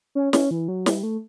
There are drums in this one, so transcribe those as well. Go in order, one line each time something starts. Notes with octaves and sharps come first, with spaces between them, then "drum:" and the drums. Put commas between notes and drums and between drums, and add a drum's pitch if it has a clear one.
C#4
C#4, drum: snare
E3
F#3
G3, drum: snare
A3